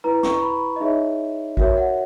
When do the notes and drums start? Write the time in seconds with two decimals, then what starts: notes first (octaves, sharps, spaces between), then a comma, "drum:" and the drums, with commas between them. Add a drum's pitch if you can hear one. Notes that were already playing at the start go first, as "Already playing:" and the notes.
0.04 E4 B4 A#5
0.23 C#6, drum: snare
0.42 B5
0.76 D#5
0.80 D#4 G#4 C#5 E5
1.57 F#4 A#4 C#5 E5, drum: kick
1.78 F#5